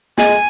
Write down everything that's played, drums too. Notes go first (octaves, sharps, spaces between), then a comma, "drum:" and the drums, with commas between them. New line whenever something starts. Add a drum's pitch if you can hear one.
G#3 G#5, drum: snare